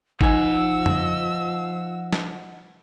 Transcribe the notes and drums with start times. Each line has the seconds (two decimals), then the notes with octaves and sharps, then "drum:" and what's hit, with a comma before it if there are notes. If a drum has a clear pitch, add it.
0.21 F3 D#4 D#5 F#5 G#5 E6, drum: kick
0.86 drum: tom F2
2.13 drum: snare